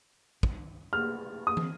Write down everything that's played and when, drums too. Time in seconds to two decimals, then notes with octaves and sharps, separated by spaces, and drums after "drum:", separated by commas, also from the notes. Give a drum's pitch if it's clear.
0.43 drum: kick
0.93 F6
1.47 D#6
1.57 drum: tom